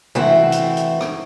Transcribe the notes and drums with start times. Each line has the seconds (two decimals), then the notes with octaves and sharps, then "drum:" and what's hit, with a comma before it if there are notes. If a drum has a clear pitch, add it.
0.15 E3 A3 C4 F#4, drum: tom C3
0.52 drum: hi-hat
0.77 drum: hi-hat
1.01 drum: rim click